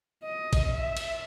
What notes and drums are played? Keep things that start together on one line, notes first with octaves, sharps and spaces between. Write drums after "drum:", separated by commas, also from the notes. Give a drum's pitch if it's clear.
D#5
drum: kick A1, cymbal
E5
drum: cymbal